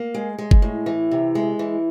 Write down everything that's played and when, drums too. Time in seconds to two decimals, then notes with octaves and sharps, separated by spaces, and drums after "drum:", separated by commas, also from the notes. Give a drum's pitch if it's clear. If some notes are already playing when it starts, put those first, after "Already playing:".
Already playing: A#3
0.14 G#3
0.38 G#3
0.51 drum: kick F#1
0.62 A2
0.86 E3
1.11 C3
1.35 G#3
1.59 E3